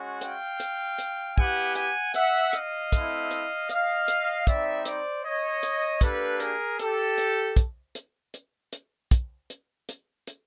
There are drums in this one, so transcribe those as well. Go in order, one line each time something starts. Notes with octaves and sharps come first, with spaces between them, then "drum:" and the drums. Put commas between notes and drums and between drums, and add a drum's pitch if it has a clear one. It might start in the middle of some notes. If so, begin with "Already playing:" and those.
Already playing: G#3 C#4 F#4
F5 G5, drum: hi-hat
drum: hi-hat
drum: hi-hat
B3 E4 G4 F#5 G#5, drum: kick
F#5 G#5, drum: hi-hat
E5 F#5, drum: hi-hat
D#5 F5, drum: hi-hat
A3 C4 E4, drum: kick, hi-hat
drum: hi-hat
D#5 F5, drum: hi-hat
drum: hi-hat
G3 C4 D#4 D5 E5, drum: kick, hi-hat
C5 D5, drum: hi-hat
C#5 D#5
drum: hi-hat
A#3 D4 G4 A4 B4, drum: kick, hi-hat
G#4 A#4, drum: hi-hat
G4 A4, drum: hi-hat
drum: hi-hat
drum: kick, hi-hat
drum: hi-hat
drum: hi-hat
drum: hi-hat
drum: kick, hi-hat
drum: hi-hat
drum: hi-hat
drum: hi-hat